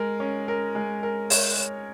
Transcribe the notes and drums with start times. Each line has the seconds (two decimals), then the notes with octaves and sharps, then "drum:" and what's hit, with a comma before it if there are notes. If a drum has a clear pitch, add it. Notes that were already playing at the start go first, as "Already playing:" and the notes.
Already playing: G#3 A#4
0.20 C#4
0.48 A#4
0.75 G#3
1.03 A#4
1.30 C#5, drum: open hi-hat
1.57 C#5